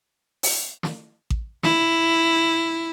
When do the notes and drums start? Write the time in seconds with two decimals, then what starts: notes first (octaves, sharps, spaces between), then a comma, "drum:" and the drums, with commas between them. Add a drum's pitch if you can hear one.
0.43 drum: open hi-hat
0.83 drum: snare
1.30 drum: kick A1
1.63 E4, drum: snare